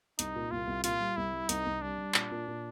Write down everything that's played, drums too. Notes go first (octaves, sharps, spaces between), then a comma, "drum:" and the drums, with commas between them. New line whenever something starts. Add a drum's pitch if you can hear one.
C2 D#4, drum: hi-hat
A#2
C2 F4
C2
A#2 F4, drum: hi-hat
G3
C2 E4
G3
C2 D#4, drum: hi-hat
C2
G3 D4
G3
A#2, drum: clap
A#2
A#2